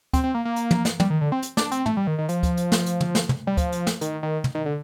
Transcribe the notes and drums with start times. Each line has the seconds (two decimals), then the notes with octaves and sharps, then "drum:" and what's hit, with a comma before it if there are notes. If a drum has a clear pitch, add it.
0.13 C4, drum: kick D2, hi-hat
0.24 C4
0.34 A#3
0.45 A#3
0.56 drum: hi-hat
0.71 drum: tom
0.85 drum: snare
1.00 G3, drum: tom
1.10 D#3
1.21 D3
1.32 C4
1.42 drum: hi-hat
1.57 D4, drum: snare
1.71 C4, drum: hi-hat
1.86 A3, drum: tom
1.97 G3
2.07 D#3
2.18 D#3
2.29 F3, drum: hi-hat
2.43 drum: kick D2, hi-hat
2.57 drum: hi-hat
2.72 drum: snare
2.86 drum: hi-hat
3.00 drum: tom
3.15 drum: snare
3.29 drum: tom
3.47 G3
3.57 F3, drum: kick D2, hi-hat
3.72 drum: hi-hat
3.87 drum: snare
4.01 D#3, drum: hi-hat
4.23 D#3
4.44 drum: tom
4.55 D#3
4.66 D3